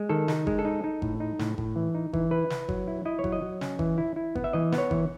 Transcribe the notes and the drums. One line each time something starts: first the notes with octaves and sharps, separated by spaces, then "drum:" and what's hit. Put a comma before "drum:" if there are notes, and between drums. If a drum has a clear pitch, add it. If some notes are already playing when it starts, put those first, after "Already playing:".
Already playing: G#3
D#3 A4
D#4, drum: snare
G#3, drum: kick G1
A4
D#4
D#4
A2, drum: kick G1
D#4
A2, drum: snare
A2, drum: kick G1
E3
D#4
E3, drum: kick G1
E4 B4
E4, drum: snare
F#3, drum: kick G1
E4
E4 D#5
C#5
F#3, drum: kick G1
D#5
F#3
C#4, drum: snare
E3, drum: kick G1
E4
E4
B3, drum: kick G1
E5
E3 D#5
B3, drum: snare
C#5
E3, drum: kick G1